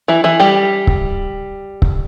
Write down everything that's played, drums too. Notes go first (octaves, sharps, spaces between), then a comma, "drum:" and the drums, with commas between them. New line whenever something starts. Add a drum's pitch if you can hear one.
E3 E4
E3 E4
G3 G4
drum: kick C#1
drum: kick C#1